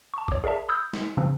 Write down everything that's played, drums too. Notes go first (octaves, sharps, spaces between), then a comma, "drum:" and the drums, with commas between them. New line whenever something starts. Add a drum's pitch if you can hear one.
A5 C#6
C#5 D6, drum: kick A1
G#4 A#4 D5 E5 A5
B5 D#6 E6 G6
drum: snare
C#3 F3 C4 D4